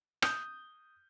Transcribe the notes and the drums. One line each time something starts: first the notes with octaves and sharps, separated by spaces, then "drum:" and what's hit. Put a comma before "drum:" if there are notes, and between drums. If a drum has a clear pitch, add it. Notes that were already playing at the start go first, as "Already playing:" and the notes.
D#6 G6, drum: rim click